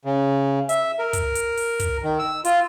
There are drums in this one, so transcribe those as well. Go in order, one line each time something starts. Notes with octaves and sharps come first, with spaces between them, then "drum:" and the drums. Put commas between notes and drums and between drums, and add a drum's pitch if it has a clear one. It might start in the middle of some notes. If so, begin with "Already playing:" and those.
C#3
E5, drum: hi-hat
A#4
drum: kick, hi-hat
drum: hi-hat
drum: open hi-hat
drum: kick, hi-hat
D#3
E6
F4, drum: hi-hat